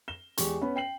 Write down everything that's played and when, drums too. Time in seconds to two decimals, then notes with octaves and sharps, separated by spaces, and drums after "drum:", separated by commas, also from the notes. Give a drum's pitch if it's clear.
0.08 E7 G7
0.38 E2 G#3 G4 G#4 C#6, drum: hi-hat
0.61 B3 C#4 B5
0.76 G5 C7 F#7